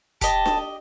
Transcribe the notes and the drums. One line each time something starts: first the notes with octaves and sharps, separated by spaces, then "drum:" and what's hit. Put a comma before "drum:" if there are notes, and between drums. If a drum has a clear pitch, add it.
G4 D#5 A5, drum: kick, hi-hat
drum: snare D4